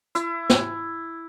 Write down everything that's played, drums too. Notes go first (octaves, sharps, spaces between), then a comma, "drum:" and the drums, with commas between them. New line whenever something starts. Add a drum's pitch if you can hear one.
E4, drum: hi-hat
drum: snare